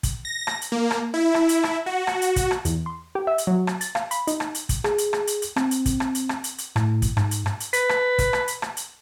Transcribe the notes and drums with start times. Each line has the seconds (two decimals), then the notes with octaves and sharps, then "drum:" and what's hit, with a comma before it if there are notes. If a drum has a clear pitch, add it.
0.03 drum: kick, hi-hat
0.25 A#6
0.47 drum: rim click
0.62 drum: hi-hat
0.72 A#3
0.91 drum: rim click
1.14 E4
1.34 drum: rim click
1.49 drum: hi-hat
1.63 drum: rim click
1.86 F#4
2.07 drum: rim click
2.22 drum: hi-hat
2.36 drum: kick, hi-hat
2.51 drum: rim click
2.65 E2, drum: hi-hat
2.86 C6
3.15 G4
3.27 E5
3.38 drum: hi-hat
3.47 F#3
3.67 drum: rim click
3.81 A6, drum: hi-hat
3.95 F5, drum: rim click
4.11 B5, drum: hi-hat
4.27 D#4, drum: hi-hat
4.40 drum: rim click
4.55 drum: hi-hat
4.69 drum: kick, hi-hat
4.84 G#4, drum: rim click
4.98 drum: hi-hat
5.13 drum: rim click
5.27 drum: hi-hat
5.42 drum: hi-hat
5.56 C4, drum: rim click
5.71 drum: hi-hat
5.86 drum: kick, hi-hat
6.00 drum: rim click
6.15 drum: hi-hat
6.29 drum: rim click
6.44 drum: hi-hat
6.58 drum: hi-hat
6.76 A2, drum: rim click
7.02 drum: kick, hi-hat
7.17 G#2, drum: rim click
7.31 drum: hi-hat
7.46 drum: rim click
7.60 drum: hi-hat
7.73 B4, drum: hi-hat
7.89 drum: rim click
8.18 drum: kick, hi-hat
8.33 drum: rim click
8.48 drum: hi-hat
8.62 drum: rim click
8.77 drum: hi-hat